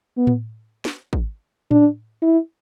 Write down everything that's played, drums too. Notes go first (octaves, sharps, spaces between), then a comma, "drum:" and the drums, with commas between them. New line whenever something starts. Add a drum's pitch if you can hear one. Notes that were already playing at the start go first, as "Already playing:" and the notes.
B3
drum: tom A2
drum: snare
drum: kick
D4, drum: tom A2
E4